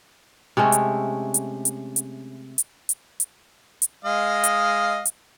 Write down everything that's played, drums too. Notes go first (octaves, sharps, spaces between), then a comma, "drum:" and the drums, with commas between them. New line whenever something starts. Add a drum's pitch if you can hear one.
C3 G#3 A3 C#4
drum: hi-hat
drum: hi-hat
drum: hi-hat
drum: hi-hat
drum: hi-hat
drum: hi-hat
drum: hi-hat
drum: hi-hat
G#3 D#5 F5
drum: hi-hat
drum: hi-hat